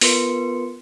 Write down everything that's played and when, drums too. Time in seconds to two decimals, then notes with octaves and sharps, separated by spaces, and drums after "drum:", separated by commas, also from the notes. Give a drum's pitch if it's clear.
0.01 B3 F4 A#4 B4 C6 C#7, drum: open hi-hat